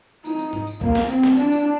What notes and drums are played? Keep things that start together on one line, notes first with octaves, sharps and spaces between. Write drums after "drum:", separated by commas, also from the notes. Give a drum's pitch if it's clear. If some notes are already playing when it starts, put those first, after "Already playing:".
D#4, drum: tambourine
drum: tambourine
drum: tom G#2
drum: tambourine
A#3, drum: kick B1
drum: snare
C4, drum: tambourine
drum: snare
D4, drum: tambourine
drum: tambourine